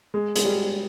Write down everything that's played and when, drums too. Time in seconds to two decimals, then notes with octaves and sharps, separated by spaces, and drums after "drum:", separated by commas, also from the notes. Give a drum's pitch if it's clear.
0.14 G#3
0.36 G#3, drum: hi-hat
0.45 G3